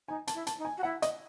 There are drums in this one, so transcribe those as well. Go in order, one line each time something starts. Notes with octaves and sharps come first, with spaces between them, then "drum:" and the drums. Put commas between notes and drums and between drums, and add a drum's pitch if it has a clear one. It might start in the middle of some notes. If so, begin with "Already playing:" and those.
D#4 G#5
A5, drum: hi-hat
E4
A5, drum: hi-hat
D#4
G#5
F#4
E4 F#5
D#5, drum: hi-hat